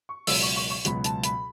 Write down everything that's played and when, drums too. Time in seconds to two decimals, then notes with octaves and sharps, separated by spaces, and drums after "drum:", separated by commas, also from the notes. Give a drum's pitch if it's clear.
0.09 C#6
0.27 C#2 B2 F#3 E6, drum: open hi-hat
0.42 C#6
0.56 C#6
0.70 C#6
0.85 C#2 B2 F#3 B5, drum: hi-hat
1.04 A5, drum: hi-hat
1.23 B5, drum: hi-hat